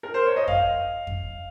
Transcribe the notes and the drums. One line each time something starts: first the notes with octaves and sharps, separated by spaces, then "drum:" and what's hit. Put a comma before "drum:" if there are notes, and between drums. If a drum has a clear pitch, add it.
A#4
C5
C#5
D#5
F5, drum: kick F2
drum: kick F2